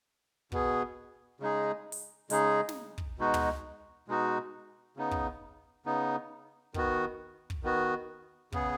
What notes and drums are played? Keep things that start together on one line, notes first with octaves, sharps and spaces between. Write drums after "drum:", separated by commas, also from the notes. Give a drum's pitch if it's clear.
B2 B3 G#4, drum: kick
C#3 G#3 D#4 G#4
drum: open hi-hat
C#3 G#3 D#4 G#4, drum: hi-hat
drum: snare
drum: kick
B2 G#3 D#4 F#4
drum: tom
B2 G#3 D#4 F#4
C#3 B3 D#4
drum: kick
C#3 B3 D#4
D#3 B3 F#4, drum: kick
drum: kick
D#3 B3 F#4
C#3 B3 G#4, drum: kick